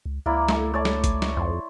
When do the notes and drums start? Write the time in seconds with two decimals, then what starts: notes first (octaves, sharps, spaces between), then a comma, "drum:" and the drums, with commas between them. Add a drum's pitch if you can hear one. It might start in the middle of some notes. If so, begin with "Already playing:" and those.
0.06 C#2
0.26 C#2 A#3 E4 D5
0.49 A3, drum: snare
0.74 A3 C#5 D5 A5
0.85 drum: snare
1.04 drum: kick, hi-hat
1.22 drum: snare
1.37 F2 C6